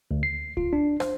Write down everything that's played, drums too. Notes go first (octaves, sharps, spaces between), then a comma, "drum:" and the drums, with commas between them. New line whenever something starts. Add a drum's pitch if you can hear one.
D2
C7
F4, drum: kick C#2
D4
C5, drum: rim click